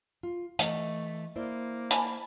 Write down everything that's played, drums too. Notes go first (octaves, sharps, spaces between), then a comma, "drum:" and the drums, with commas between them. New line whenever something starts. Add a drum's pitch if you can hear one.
F4
E3 A3 D#5, drum: hi-hat
A#3 E4 C5 D5
G#5 A5 B5, drum: hi-hat